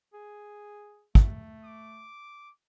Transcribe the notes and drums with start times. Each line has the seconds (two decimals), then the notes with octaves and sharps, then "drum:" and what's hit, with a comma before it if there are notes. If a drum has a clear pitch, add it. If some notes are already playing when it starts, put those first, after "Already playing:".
0.13 G#4
1.15 A3, drum: kick
1.65 D6